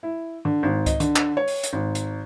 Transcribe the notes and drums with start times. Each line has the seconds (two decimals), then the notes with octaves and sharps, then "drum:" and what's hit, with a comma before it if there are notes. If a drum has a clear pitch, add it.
0.03 E4
0.45 D3
0.63 G#1
0.86 D#5, drum: kick C#2, hi-hat
1.00 D3, drum: hi-hat
1.16 drum: clap
1.37 C#5
1.48 drum: open hi-hat
1.63 drum: hi-hat
1.73 G#1
1.95 drum: hi-hat